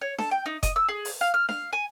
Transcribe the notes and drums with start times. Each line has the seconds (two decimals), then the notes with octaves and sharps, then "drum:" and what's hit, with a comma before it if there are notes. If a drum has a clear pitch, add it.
0.01 C#5
0.19 A4, drum: snare D4
0.31 G5
0.46 D#4
0.63 D#5, drum: kick F1, hi-hat
0.76 E6
0.89 G#4
1.05 drum: open hi-hat
1.21 F5
1.34 F6
1.49 F5, drum: snare D4
1.73 G#5